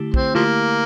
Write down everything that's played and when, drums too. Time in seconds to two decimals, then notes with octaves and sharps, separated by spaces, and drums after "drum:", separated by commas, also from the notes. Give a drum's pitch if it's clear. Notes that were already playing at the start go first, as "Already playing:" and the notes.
Already playing: D3 A3 E4 G4
0.14 C4, drum: kick
0.35 D3 F3 A3 A#3 E4 G4